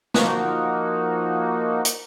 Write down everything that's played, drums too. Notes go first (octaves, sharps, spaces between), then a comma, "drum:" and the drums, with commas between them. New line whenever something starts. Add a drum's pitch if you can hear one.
F3 A#3 D#4 F#4, drum: snare
drum: hi-hat